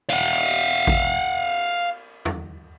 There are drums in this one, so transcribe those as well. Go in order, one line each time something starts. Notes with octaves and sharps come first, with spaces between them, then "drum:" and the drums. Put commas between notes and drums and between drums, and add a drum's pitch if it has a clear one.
F5 F#5, drum: cymbal
drum: kick A1
drum: tom E2